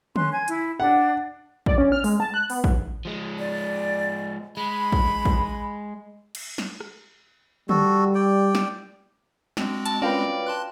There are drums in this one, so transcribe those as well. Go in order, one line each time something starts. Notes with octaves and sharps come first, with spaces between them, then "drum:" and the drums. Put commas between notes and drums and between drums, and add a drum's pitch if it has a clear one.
C#4 C6 F#6, drum: tom D3
G#5 G#6
E4, drum: hi-hat
D4 F#5
D5, drum: kick
C#4
F6
G#3, drum: open hi-hat
A5
F#6
B3, drum: open hi-hat
drum: kick
F3 G#3
D5
G#3 B5
drum: kick
drum: kick
drum: cymbal
drum: snare
drum: rim click
G3 F#4 A4, drum: tom D3
D5 G5
drum: snare
G#3 C4 D4 F#4, drum: snare
A5 E6, drum: hi-hat
C#4 F4 A#4 B4 D5 F5 G5
A5 C6 F#6